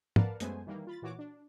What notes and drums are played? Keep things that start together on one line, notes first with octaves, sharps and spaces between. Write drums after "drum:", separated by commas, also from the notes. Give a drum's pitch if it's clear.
A#4 B4 D5 F5 F#5 A5, drum: tom
F#2 G#3 A3 B3 C5 G#5, drum: hi-hat
D#3 E3 G3 A#3
F4 B5 A6
A#2 E3 F#4 C#5 D6
D4